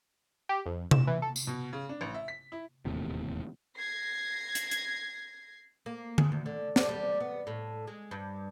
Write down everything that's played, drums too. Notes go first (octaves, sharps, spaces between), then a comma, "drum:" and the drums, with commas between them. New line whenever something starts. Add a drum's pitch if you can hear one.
G4
F2
E7, drum: tom C3
E3
A4
drum: tambourine
B2
C#3
D4
A1
E5
B6
E4
E1 D#2 A2 C3
G#6 A#6 C7
drum: hi-hat
drum: hi-hat
A#3
G#4, drum: tom D3
D2
D3
D4, drum: snare
G3
B3
A2
G#3
G2